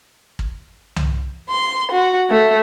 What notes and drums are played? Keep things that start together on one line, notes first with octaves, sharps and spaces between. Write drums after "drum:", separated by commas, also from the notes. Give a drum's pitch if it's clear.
drum: kick
drum: tom C2
C6
F#4
A3